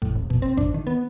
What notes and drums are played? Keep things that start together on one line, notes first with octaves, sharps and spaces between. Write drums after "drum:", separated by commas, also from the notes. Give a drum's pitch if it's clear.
A2, drum: kick G#1
D#1
B2, drum: kick G#1
C4
D4, drum: kick G#1
D#3
B3